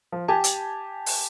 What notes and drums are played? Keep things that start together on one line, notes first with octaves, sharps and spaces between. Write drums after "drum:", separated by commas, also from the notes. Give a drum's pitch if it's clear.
F3
G4 G#5 A5
drum: hi-hat
drum: open hi-hat